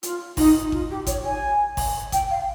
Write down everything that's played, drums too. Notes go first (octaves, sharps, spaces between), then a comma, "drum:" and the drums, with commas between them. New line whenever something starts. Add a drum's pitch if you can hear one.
F4, drum: hi-hat
D#4, drum: kick G#1, open hi-hat
F4, drum: kick G#1
G4
C#5, drum: kick G#1, hi-hat
G#5
drum: kick G#1, open hi-hat
G5, drum: kick G#1, hi-hat
F5